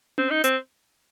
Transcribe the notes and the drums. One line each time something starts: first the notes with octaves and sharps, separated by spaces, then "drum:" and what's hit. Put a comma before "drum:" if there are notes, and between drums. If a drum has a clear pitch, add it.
C4, drum: tom C#4
D#4
C4, drum: hi-hat